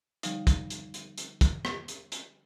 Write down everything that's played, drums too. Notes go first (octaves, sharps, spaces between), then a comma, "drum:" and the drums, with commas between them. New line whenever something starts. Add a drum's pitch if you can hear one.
D3 F3 G3 D#4, drum: hi-hat
drum: kick, hi-hat
drum: hi-hat
drum: hi-hat
drum: hi-hat
drum: kick, hi-hat
drum: rim click
drum: hi-hat
drum: hi-hat